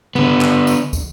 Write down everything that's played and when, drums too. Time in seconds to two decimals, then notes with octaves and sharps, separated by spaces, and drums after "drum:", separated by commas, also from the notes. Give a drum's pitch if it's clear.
0.15 D3 B3, drum: tom
0.41 drum: clap
0.67 drum: tambourine
0.93 drum: kick, tambourine